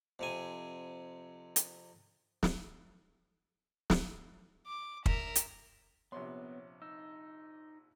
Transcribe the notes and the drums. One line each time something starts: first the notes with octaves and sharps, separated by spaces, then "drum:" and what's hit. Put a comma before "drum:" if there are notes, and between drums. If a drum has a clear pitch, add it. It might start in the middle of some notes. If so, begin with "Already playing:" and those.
F2 C3 G#5
drum: hi-hat
drum: snare
drum: snare
D6
A#4 E5, drum: kick
drum: hi-hat
A#1 C3 B3 C#5 C6
D#4 E6